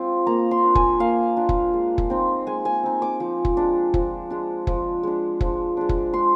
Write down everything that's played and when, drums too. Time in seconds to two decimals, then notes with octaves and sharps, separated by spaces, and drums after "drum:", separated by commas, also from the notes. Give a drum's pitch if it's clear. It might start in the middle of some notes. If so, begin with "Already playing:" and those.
Already playing: G#3 C4 F4
0.27 A#3 A#5
0.51 C6
0.63 D4 F4
0.75 G#5, drum: kick
1.00 A#3 F5
1.37 D4 F4
1.49 drum: kick
1.73 G#3
1.98 drum: kick
2.10 C4 D#4
2.47 G#3 G#5
2.65 G#5
2.83 C4 D#4
3.02 D6
3.20 F3
3.45 drum: kick
3.57 G#3 D4
3.94 F3, drum: kick
4.30 G#3 D4
4.67 F3, drum: kick
5.03 G#3 D4
5.41 F3, drum: kick
5.77 G#3 D4
5.89 drum: kick
6.13 G#3 C6